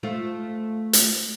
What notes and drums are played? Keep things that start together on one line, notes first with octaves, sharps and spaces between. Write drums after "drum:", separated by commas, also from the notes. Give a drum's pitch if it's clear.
A3 F4 C5
drum: hi-hat